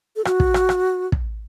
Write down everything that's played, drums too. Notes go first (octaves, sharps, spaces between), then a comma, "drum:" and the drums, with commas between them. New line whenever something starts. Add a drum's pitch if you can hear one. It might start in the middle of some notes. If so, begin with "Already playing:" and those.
A4
F#4, drum: rim click
drum: kick
drum: rim click
drum: rim click
drum: kick